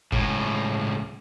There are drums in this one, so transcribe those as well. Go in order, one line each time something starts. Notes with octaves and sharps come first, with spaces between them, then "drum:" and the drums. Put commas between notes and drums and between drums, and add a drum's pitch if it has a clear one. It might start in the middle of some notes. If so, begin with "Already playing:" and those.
C#2 A2, drum: kick G1